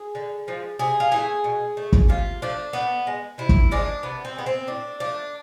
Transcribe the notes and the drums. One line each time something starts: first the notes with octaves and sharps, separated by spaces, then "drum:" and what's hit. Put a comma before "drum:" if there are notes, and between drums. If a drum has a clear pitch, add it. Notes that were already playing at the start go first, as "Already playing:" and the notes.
Already playing: G#4
D3
F3 G#3
C3 G#4
F4
E3 A3 G#4
B2
A3
drum: kick
C3 F4
F3 A3 D4
A2 B3
G#3
C3 E4
drum: kick
F3 G#3 D4
C3 B3
C4
E3 G#3 B3
C4
A2 D4
F3 A3 D4